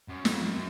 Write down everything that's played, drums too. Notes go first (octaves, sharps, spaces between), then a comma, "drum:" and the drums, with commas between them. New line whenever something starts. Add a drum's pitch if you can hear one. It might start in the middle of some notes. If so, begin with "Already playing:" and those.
F#2
F2, drum: snare
F#2